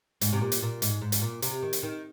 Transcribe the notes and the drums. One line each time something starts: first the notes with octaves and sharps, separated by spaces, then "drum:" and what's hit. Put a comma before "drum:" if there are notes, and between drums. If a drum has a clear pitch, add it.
G#2, drum: hi-hat
C3
A#2
drum: hi-hat
A#2
G#2, drum: hi-hat
G#2
drum: hi-hat
A#2
C3, drum: hi-hat
D#3
drum: hi-hat
D#3